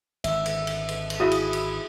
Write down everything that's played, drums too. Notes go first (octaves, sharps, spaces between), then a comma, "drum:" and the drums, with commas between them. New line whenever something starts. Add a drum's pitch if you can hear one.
G#1 D3 E5, drum: cymbal
drum: cymbal
drum: cymbal
drum: cymbal
drum: cymbal
E4 F#4 G#4 E5 F5 D#6
drum: cymbal
drum: cymbal